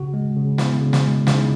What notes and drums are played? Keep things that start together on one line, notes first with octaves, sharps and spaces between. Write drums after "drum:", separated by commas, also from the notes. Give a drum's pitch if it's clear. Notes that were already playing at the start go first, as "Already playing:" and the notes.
Already playing: C#3 F#4
G#3
C#3
B3 E4, drum: snare
C#3
drum: snare
G#3
C#3 E4, drum: snare
D#4